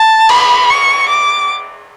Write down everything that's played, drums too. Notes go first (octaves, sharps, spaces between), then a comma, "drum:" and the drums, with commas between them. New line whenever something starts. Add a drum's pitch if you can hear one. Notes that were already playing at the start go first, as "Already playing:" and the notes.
Already playing: A5
B5, drum: cymbal
C#6
D6